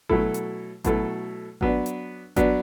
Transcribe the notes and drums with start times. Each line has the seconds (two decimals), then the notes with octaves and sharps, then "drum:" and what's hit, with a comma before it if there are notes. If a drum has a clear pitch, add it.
0.09 B2 F#3 A3 E4 A4, drum: kick G#1
0.34 drum: hi-hat
0.84 B2 F#3 A3 E4 A4, drum: kick G#1, hi-hat
1.61 F#3 B3 D4, drum: kick G#1
1.86 drum: hi-hat
2.36 F#3 B3 D4, drum: kick G#1, hi-hat